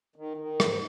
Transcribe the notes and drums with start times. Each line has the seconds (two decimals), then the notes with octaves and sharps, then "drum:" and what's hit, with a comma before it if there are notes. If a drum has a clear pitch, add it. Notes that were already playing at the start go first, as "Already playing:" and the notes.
0.16 D#3
0.37 D#3
0.60 G#2, drum: rim click